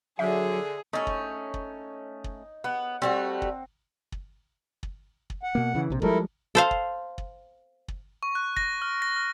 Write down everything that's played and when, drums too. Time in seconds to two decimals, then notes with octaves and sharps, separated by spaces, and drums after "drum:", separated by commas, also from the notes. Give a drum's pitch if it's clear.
0.19 D3 F#3 G#4 E5
0.93 A3 C#4 D#4 C#5
1.07 drum: kick
1.54 drum: kick
2.24 drum: kick
2.64 B3 F#5
3.02 G3 A3 C4 F#4
3.42 drum: kick
4.12 drum: kick
4.83 drum: kick
5.30 drum: kick
5.43 F#5
5.55 B2 A#3
5.75 C#3 E3
5.90 A#1 C3
6.02 F3 G3 G#3 E4 A4 A#4, drum: kick
6.55 A4 C5 F5
6.71 drum: kick
7.18 drum: kick
7.88 drum: kick
8.23 C#6
8.35 F#6
8.57 A#6, drum: kick
8.82 F6
9.02 A#6
9.16 F6